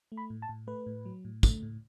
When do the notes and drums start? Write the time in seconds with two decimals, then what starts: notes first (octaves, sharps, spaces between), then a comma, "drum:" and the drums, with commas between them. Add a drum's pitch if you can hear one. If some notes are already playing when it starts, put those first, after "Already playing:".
0.12 A3
0.17 B5
0.30 A2
0.42 A5
0.49 A2
0.67 A3 B4
0.86 A2
1.05 F#3
1.25 A2
1.43 A3, drum: kick, tambourine
1.63 A2